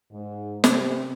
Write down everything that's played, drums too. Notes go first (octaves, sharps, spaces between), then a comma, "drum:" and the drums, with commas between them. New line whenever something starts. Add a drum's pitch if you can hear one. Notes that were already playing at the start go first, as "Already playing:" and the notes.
G#2
C3, drum: snare